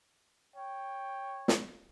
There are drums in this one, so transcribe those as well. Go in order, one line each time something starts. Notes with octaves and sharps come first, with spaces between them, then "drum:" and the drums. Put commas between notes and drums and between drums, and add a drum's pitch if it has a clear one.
C#5 G5
drum: snare